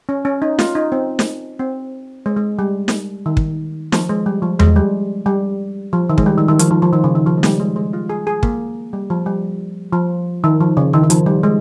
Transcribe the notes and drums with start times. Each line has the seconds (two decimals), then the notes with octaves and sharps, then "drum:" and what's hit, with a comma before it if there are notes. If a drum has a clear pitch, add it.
0.09 C#4
0.25 C#4
0.42 D#4
0.59 F4, drum: snare
0.75 D#4
0.92 C4
1.19 drum: snare
1.59 C4
2.26 G#3
2.37 G#3
2.59 G3
2.88 drum: snare
3.26 D#3
3.37 drum: kick
3.92 F3, drum: snare
4.09 G#3
4.26 G3
4.42 F3
4.60 G#3, drum: tom E2
4.76 G3
5.26 G3
5.93 F3
6.10 D#3
6.18 G#3, drum: kick
6.26 G3
6.38 D#3
6.48 D#3
6.59 F3, drum: hi-hat
6.71 F3
6.82 F3
6.93 D#3
7.04 C#3
7.15 D#3
7.27 F3
7.38 G#3
7.43 G3, drum: snare
7.60 G#3
7.76 G#3
7.93 F4
8.09 G#4
8.27 G#4
8.43 A#3, drum: kick
8.93 G3
9.10 F3
9.26 G3
9.93 F3
10.44 D#3
10.61 F3
10.77 C#3
10.93 D#3
11.03 D#3
11.10 F3, drum: hi-hat
11.26 G3
11.43 G#3